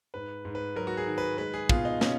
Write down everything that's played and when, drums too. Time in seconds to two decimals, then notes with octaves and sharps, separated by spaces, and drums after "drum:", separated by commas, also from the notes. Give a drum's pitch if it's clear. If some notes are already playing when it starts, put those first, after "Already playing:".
0.14 G#2 B4
0.45 G#2
0.55 B4
0.76 F#3 A#4
0.87 F#4
0.97 G#4
1.07 D#3
1.18 B4
1.38 G#3 B4
1.54 G#4
1.69 B2 F4, drum: kick
1.85 D#4
2.01 B2 C#4, drum: snare